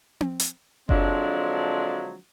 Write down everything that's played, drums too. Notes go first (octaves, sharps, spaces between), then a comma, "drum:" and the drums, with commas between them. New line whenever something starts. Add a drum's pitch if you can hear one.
drum: tom C4
drum: hi-hat
D3 F3 F#3 G#3 C4 D4, drum: kick F#1